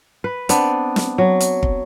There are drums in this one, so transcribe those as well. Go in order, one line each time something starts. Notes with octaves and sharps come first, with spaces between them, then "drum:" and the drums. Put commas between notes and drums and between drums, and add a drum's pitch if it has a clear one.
B4
B3 C4 D4, drum: hi-hat
drum: snare
F#3
drum: hi-hat
drum: kick